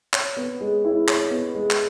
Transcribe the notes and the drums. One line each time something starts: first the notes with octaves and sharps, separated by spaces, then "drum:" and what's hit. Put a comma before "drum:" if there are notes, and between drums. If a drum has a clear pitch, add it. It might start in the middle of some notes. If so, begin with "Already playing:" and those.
C#5, drum: clap
B3
G#3
E4
C#5, drum: clap
B3
G#3
drum: clap